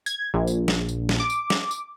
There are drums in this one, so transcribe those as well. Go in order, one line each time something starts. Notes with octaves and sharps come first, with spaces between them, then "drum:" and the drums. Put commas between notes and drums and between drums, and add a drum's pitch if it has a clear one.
G#6, drum: tambourine
A#1
drum: tambourine
drum: snare
drum: tambourine
drum: snare
D6
drum: tambourine
drum: snare
drum: tambourine